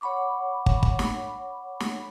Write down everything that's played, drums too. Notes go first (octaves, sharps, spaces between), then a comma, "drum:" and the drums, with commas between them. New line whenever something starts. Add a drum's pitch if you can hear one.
C#5 F#5 B5 C#6 D6
drum: kick
drum: kick
drum: snare
drum: snare